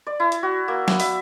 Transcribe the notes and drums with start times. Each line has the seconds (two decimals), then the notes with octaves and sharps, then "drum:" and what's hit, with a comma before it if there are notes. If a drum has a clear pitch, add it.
0.07 D5
0.20 E4
0.32 drum: hi-hat
0.43 F#4
0.68 A#3
0.88 B3, drum: snare
1.00 E5, drum: open hi-hat